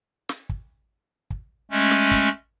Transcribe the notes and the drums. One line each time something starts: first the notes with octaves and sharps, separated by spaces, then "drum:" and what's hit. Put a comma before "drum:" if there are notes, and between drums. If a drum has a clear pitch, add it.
drum: snare
drum: kick
drum: kick
G#3 A3 C#4
drum: snare
drum: kick